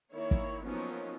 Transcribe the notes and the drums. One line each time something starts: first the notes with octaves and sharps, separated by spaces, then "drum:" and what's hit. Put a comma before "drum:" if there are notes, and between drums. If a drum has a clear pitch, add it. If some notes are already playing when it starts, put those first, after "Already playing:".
D#3 A#3 E4 C#5
drum: kick
F3 F#3 A#3 B3 C#4 D#4